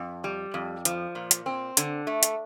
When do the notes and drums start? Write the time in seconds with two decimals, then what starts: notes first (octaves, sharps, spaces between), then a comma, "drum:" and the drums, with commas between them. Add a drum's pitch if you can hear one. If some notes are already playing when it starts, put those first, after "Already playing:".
Already playing: F2
0.24 G3
0.54 F2
0.85 F3, drum: hi-hat
1.15 A#2
1.31 drum: hi-hat
1.46 C4
1.77 D3, drum: hi-hat
2.07 A3
2.23 drum: hi-hat